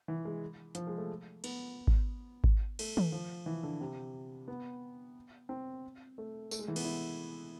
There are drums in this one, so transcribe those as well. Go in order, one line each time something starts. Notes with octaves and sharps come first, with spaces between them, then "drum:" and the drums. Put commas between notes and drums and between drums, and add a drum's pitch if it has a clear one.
E3
G#3
F3, drum: hi-hat
G#3
A3
B3, drum: cymbal
drum: kick G#1
drum: kick G#1
A3, drum: cymbal
drum: tom
F3
E3
D3
C3
B3
C4
A3
A3, drum: tambourine
G#3
E3
B3, drum: cymbal
E4